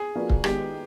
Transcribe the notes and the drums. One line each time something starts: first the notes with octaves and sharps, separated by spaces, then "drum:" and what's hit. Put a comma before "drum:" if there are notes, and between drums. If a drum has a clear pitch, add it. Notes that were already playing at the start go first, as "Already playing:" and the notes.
Already playing: G#4
F3 A#3 D4 F#4 B4
drum: kick C#1
D#3 G#3 B3 D#4 G4, drum: rim click